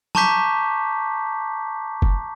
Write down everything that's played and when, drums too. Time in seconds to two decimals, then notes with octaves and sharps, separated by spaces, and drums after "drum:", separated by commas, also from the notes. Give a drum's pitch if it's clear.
0.15 A5 A#5 C#6 D6 G6 B6, drum: tom F#3
2.02 drum: kick F#1